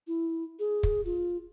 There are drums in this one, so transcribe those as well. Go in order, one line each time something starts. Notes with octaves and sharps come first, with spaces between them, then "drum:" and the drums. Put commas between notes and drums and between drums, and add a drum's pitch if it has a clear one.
E4
G#4
drum: kick
F4